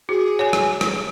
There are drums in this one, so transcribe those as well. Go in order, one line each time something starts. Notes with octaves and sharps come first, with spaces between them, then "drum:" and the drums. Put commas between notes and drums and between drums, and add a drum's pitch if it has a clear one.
F#4 G#4
C#5 G#5
drum: rim click
drum: rim click